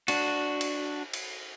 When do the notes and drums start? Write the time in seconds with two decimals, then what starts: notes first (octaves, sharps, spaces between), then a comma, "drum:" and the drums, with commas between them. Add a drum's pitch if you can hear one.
0.08 D4 F#4, drum: cymbal
0.61 drum: cymbal
1.13 drum: cymbal